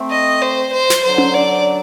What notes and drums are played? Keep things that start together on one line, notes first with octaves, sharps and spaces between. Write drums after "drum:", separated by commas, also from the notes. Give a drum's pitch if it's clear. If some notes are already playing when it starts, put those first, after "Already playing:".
Already playing: A3 C4
D#5
C5
C5
drum: snare
D3 F#3 C5
drum: tom C#4
D5